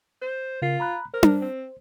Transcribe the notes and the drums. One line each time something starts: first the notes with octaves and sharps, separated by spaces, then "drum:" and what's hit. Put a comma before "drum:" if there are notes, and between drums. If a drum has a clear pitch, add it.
C5
C#3 F4 A#4 C7
A#5 B5 F#6
A#4 C5
drum: tom D4
C4